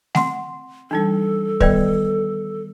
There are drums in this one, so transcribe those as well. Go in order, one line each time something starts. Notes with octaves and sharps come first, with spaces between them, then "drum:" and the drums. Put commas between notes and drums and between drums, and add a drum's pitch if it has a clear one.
C4 F#5 C6, drum: snare A3
E3 G3 D4 D#4 A4
D#3 G3 B3 B4 D5 G5, drum: kick